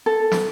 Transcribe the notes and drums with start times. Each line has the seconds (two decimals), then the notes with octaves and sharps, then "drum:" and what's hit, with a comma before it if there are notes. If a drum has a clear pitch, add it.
0.06 A4
0.32 drum: snare